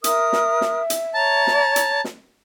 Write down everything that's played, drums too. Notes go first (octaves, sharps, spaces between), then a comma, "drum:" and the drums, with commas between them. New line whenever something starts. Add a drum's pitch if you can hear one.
A#4 E5 D#6 F6, drum: hi-hat
drum: snare
drum: snare
drum: hi-hat
C#5 A5 A#5
drum: snare
drum: hi-hat
drum: snare